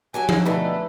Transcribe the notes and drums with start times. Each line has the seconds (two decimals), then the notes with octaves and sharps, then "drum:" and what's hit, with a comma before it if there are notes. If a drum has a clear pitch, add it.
0.14 F#3 G4 A4 G#5
0.29 drum: tom F3
0.46 B2 D3 D#3 A3 E4 B4